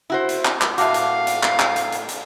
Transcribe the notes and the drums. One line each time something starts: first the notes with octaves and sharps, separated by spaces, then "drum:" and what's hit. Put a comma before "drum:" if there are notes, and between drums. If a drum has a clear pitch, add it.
E4 F#4 C5
drum: hi-hat
drum: clap
drum: clap
A2 F#4 E5 F5 A5 D6, drum: hi-hat
drum: hi-hat
drum: hi-hat
drum: clap
drum: clap
drum: hi-hat
drum: hi-hat
drum: hi-hat